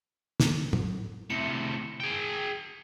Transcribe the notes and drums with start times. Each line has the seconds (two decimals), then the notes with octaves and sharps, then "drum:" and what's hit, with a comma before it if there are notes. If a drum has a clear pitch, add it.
0.40 drum: snare
0.73 drum: tom
1.30 A2 C3 C#7
2.00 G#4 G5